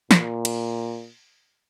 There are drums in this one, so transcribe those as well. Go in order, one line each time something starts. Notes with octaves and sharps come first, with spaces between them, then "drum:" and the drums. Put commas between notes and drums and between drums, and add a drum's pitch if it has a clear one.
A#2, drum: snare
drum: cymbal